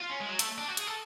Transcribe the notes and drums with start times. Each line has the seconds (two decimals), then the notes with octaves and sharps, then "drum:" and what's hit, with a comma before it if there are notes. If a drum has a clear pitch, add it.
0.01 F4
0.10 C#4
0.20 G#3
0.29 F#3
0.39 A3, drum: hi-hat
0.58 D4
0.68 F#4
0.77 G#4, drum: hi-hat
0.87 A4